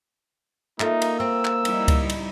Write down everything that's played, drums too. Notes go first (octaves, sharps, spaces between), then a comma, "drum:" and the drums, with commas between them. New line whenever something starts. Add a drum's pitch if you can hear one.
A#3 D#4 F4 A4 E5, drum: clap
drum: cymbal
C4 E6
drum: clap
G3 D#4 E4, drum: cymbal
drum: kick C#2, cymbal
drum: cymbal